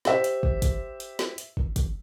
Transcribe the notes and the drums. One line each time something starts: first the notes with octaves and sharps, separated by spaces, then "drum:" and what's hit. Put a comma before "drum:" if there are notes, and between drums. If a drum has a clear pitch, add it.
G4 C5 E5, drum: snare
drum: hi-hat
drum: kick
drum: kick, hi-hat
drum: hi-hat
drum: snare
drum: hi-hat
drum: kick
drum: kick, hi-hat